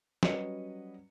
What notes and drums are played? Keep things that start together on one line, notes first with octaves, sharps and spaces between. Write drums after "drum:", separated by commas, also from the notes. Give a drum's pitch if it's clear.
F#3 G3 C#4 B4 D#5 C#7, drum: snare